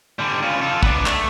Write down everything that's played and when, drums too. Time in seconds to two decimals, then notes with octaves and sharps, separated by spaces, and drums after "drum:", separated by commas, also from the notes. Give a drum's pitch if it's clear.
0.19 D3 G3
0.43 C#3 F4
0.61 F4 A4
0.83 B3 D4, drum: kick
1.06 A3, drum: clap